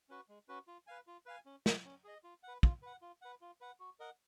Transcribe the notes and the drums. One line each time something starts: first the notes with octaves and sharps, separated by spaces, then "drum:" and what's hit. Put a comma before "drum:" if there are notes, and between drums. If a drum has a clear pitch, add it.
C#4 F#4 B4
G#3
C#4 F#4 B4
F4
B4 F5 G#5
F4
B4 F5 G#5
C#4
G#4 D#5, drum: snare
C#4
G#4 D#5
F4
B4 F#5
F4, drum: kick
B4 F#5
F4
B4 F#5
F4
B4 F#5
F#4
A#4 D#5 F#5